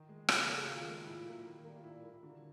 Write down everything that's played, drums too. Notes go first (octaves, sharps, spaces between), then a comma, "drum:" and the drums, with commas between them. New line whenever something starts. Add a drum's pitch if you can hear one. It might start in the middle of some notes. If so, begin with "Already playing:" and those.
Already playing: D#3 D#4
G#3
C#3 G#4, drum: rim click
G#4
F#3 A#3 A4
G#4
D#3 F4
G#3
A#2 E4
F#3 A#3
D#3
G3 A#3
F4
A#2 E4
G3 A#3 E4
D3 F#4